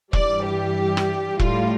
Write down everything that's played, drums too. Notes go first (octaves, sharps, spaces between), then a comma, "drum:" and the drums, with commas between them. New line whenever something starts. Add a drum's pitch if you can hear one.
G2 E3 G3 D5, drum: kick E1
G4
drum: rim click
A2 G3 F4, drum: kick E1